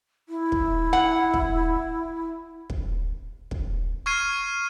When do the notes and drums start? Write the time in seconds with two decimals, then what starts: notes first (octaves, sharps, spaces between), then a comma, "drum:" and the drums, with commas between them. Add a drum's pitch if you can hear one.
0.29 E4
0.52 drum: kick
0.93 F#5
1.34 drum: kick
2.70 drum: kick
3.51 drum: kick
4.06 C#6 F6 G#6 C7 D#7